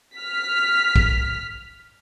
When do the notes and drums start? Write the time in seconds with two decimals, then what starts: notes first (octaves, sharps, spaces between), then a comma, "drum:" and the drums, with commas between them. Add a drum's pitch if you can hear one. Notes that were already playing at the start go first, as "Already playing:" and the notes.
0.17 F6 B6
0.96 drum: kick B1